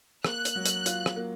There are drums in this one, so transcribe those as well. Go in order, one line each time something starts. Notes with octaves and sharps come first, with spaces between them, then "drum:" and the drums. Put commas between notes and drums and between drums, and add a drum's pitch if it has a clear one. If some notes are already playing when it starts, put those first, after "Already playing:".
A#3 F#6, drum: rim click
drum: hi-hat
F#3
drum: hi-hat
F4, drum: hi-hat
drum: rim click
A#3